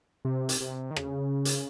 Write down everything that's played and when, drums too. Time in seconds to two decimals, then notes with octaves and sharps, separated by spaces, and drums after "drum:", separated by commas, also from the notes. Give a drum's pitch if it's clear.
0.25 C3
0.49 drum: hi-hat
0.60 C3
0.91 D#3
0.96 C#3, drum: rim click
1.45 drum: hi-hat